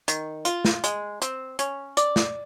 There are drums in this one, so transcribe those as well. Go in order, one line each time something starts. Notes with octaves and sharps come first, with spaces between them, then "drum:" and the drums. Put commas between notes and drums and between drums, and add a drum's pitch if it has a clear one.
D#3, drum: hi-hat
F4, drum: hi-hat
drum: snare
G#3, drum: hi-hat
C4, drum: hi-hat
C#4, drum: hi-hat
D5, drum: hi-hat
drum: snare